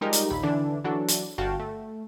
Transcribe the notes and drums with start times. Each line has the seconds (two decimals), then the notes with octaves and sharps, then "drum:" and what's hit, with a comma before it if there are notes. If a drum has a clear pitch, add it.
0.01 F3 G3 G#3 D#4 G4 A#4
0.13 drum: hi-hat
0.30 A#1 D#2 B5
0.43 D3 E3 D4
0.84 E3 F#3 D4 F#4 A4
1.08 drum: hi-hat
1.38 G1 F#4 F5 G5 A5
1.60 A3